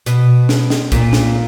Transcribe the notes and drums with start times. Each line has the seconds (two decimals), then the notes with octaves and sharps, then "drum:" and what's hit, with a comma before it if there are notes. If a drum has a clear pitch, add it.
0.06 B2, drum: hi-hat
0.49 drum: snare
0.70 drum: snare
0.92 A#2, drum: kick, hi-hat
1.13 drum: snare